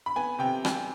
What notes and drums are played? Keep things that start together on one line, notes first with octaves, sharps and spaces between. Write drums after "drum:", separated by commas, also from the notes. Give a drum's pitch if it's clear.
B5
B3 G#5
C3 G5
drum: rim click